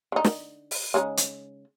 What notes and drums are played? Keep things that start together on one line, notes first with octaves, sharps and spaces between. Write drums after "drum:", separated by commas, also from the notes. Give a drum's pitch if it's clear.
D3 D#4
drum: snare
drum: open hi-hat
C#3 G#3 D#4
drum: hi-hat